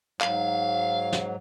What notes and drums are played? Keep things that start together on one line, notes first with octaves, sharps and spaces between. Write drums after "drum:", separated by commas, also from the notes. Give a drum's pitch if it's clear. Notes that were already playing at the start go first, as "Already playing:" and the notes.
G#2 F#3 F5, drum: clap
drum: snare